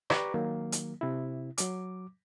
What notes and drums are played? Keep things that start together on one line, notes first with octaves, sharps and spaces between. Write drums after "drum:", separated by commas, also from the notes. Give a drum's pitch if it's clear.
G4 B4 D5 A#5 C#6 D6, drum: rim click
D#3 F#3 A#3
drum: hi-hat
C3 E4
F#3 D6, drum: hi-hat